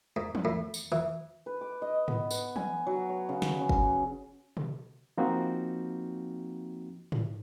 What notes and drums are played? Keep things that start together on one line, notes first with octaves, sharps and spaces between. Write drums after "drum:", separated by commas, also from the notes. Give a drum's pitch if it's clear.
G#2
drum: tom E3
A2
drum: tambourine
E3
B4
D6
D#5
B3, drum: tom G#2
B4, drum: tambourine
G#5, drum: tom
F#3
C#5
C#3
drum: snare
C#4
drum: kick
drum: tom B2
F3 A#3 C4 D#4 F#4
drum: tom G#2